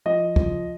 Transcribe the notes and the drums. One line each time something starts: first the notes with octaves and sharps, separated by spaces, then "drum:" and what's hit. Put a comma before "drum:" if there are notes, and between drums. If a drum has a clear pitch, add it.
F3 D#5
F3, drum: kick